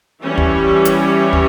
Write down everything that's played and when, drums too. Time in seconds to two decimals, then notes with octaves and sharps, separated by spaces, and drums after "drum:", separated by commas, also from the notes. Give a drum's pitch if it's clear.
0.22 E3 G3 C#4
0.38 drum: kick
0.85 drum: hi-hat
1.33 drum: kick